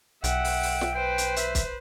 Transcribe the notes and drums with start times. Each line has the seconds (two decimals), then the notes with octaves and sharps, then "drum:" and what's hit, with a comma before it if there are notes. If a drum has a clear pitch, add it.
0.24 B1 E5 F#5 G5, drum: hi-hat
0.45 drum: open hi-hat
0.63 drum: open hi-hat
0.81 drum: snare
0.95 B4 C5 G5
1.18 drum: hi-hat
1.36 E5, drum: hi-hat
1.55 drum: kick, hi-hat